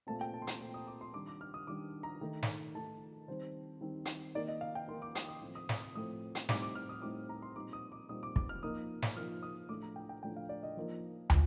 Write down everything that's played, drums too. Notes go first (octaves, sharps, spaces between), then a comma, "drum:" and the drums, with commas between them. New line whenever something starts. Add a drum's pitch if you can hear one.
A#2 A3 C4 A5
G5
A5
C6
A#5, drum: hi-hat
A#2 A3 C4
D#6
D6
C6
D#3 G3 D4 D6
D6
F6
D#6
D#3 G3 D4 D6
A#5
D#3 A3 D#4
drum: snare
D#3 A3 D#4 A5
D#3 G3 C4 D#4 C5
D#3 G3 C4 D#4
drum: hi-hat
D#3 A#3 D#4 D5
D#5
F5
G5
D#3 A#3 D#4 C6
D6
D#6, drum: hi-hat
D#6
A2 F3 A3 C4
D#6
D#6, drum: snare
D#6
A2 F3 A3 C4 D#6
drum: hi-hat
A2 G3 C4 D#4 D6, drum: snare
D6
F6
D#6
A2 G3 C4 D#4 D6
A#5
C6
A#2 G3 C4 D#4 D6
D#6
D6
A#2 G3 C4 D#4 D#6
D6
D6, drum: kick
F6
F3 A#3 D#4 D#6
drum: snare
F3 A#3 D#4 F6
D#6
A2 F3 A3 D4 D6
A#5
G5
G5
A2 F3 A3 D4 G5
F5
D5
D#5
F3 A#3 D#4
F3, drum: tom